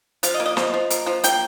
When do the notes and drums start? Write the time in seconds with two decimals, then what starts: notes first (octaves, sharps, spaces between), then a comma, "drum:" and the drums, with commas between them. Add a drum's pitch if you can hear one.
0.23 F3 F5, drum: hi-hat
0.34 D#5
0.40 A#3
0.46 D#5
0.57 F3, drum: snare
0.74 F3
0.90 A#3, drum: hi-hat
1.06 F3
1.24 A#3 G5, drum: hi-hat